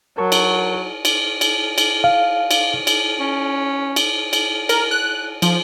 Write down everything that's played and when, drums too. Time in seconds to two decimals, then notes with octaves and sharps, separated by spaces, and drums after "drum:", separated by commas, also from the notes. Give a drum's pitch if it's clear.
0.18 F#3 A#4 A5 C#6
0.32 drum: cymbal
1.05 drum: cymbal
1.41 drum: cymbal
1.78 drum: cymbal
2.04 F5
2.51 drum: cymbal
2.87 drum: cymbal
3.19 C#4
3.96 drum: cymbal
4.33 drum: cymbal
4.69 A#4, drum: cymbal
4.91 F#6
5.42 F3, drum: cymbal